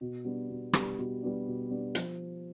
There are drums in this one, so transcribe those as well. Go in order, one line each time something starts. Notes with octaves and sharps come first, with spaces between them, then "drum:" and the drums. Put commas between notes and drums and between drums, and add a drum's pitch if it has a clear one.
B2
G3 B3 D4
B2
G3 B3 D4, drum: rim click
B2
G3 B3 D4
B2
G3 B3 D4
F3, drum: hi-hat